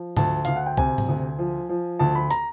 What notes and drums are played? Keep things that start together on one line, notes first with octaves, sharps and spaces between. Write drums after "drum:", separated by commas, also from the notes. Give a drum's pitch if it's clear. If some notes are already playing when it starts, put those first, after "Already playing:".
Already playing: F3
D2 A5, drum: tom G#2
D2 F5, drum: hi-hat
F#5
G5
C3 G#5, drum: kick B1
drum: tom G#2
D2
F3
F3
D2 A5
B5
A#5, drum: hi-hat